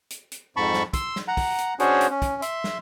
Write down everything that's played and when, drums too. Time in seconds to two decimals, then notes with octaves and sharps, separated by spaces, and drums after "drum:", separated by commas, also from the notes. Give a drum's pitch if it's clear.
0.10 drum: hi-hat
0.32 drum: hi-hat
0.57 F2 G#2 A5 B5 C#6
0.74 drum: snare
0.94 C6 E6, drum: kick, hi-hat
1.16 drum: snare
1.28 F#5 A#5
1.37 drum: kick, open hi-hat
1.58 drum: hi-hat
1.80 C#4 D4 F#4 G#4 C5 C#5, drum: hi-hat
2.01 drum: hi-hat
2.10 C#4
2.22 drum: kick, hi-hat
2.42 E5 C6, drum: hi-hat
2.64 drum: snare